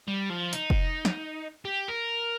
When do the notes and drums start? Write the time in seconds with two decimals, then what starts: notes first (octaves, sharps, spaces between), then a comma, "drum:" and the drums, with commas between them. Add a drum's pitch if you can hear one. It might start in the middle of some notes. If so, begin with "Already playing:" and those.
0.08 G3
0.30 F3
0.53 D#4, drum: hi-hat
0.70 drum: kick F1
1.05 drum: snare
1.65 G4
1.88 A#4